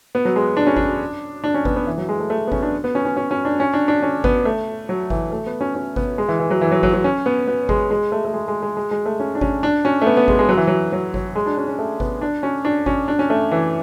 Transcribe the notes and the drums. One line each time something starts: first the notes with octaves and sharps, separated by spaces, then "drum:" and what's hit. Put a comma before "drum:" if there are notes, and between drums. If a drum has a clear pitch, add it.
B3
F#3
G#3
D4
C#4
D4, drum: kick G#1
D4
C#4
B3, drum: kick G#1
B3
E3
F#3
G#3
A3
A3
B3
C#4, drum: kick G#1
D4
B3
C#4
C#4
C#4
C#4
D4
C#4
D4
D4
C#4
B3, drum: kick G#1
A3
F#3
E3, drum: kick G#1
A3
B3
C#4
C#4
B3, drum: kick G#1
G#3
E3
E3
F#3
E3
F#3
F#3, drum: kick G#1
F#3
C#4
B3
B3
G#3, drum: kick G#1
G#3
A3
A3
G#3
G#3
G#3
G#3
G#3
A3
C#4
D4
C#4, drum: kick G#1
D4
C#4
A3
B3
B3
G#3, drum: kick G#1
G#3
F#3
E3
F#3
F#3
F#3, drum: kick G#1
G#3
D4
C#4
C#4
A3
B3, drum: kick G#1
D4
C#4
D4
C#4, drum: kick G#1
D4
C#4
A3
E3